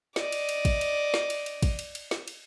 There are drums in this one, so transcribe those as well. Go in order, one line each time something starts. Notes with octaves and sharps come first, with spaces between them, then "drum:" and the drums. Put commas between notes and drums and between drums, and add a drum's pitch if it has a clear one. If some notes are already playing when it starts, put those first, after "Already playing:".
D5 D#5, drum: snare
drum: cymbal
drum: cymbal
drum: kick, cymbal
drum: cymbal
drum: snare
drum: cymbal
drum: cymbal
drum: kick, cymbal
drum: cymbal
drum: cymbal
drum: snare
drum: cymbal